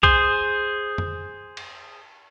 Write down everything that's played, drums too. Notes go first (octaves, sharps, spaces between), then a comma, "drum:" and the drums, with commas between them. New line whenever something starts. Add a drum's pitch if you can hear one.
G#4 C5, drum: kick B1
drum: tom F2
drum: cymbal